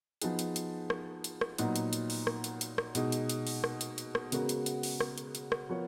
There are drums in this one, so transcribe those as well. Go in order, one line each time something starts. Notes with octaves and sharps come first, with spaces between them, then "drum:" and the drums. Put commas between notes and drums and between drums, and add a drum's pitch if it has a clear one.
F3 B3 D#4 G#4, drum: hi-hat
drum: hi-hat
drum: hi-hat
drum: rim click
drum: hi-hat
drum: rim click
A#2 F#3 B3 D#4, drum: hi-hat
drum: hi-hat
drum: hi-hat
drum: open hi-hat
drum: rim click
drum: hi-hat
drum: hi-hat
drum: rim click
B2 G#3 D#4, drum: hi-hat
drum: hi-hat
drum: hi-hat
drum: open hi-hat
drum: rim click
drum: hi-hat
drum: hi-hat
drum: rim click
C#3 G#3 B3 F#4 A#4, drum: hi-hat
drum: hi-hat
drum: hi-hat
drum: open hi-hat
drum: rim click
drum: hi-hat
drum: hi-hat
drum: rim click
F3 B3 F4 A#4 C#5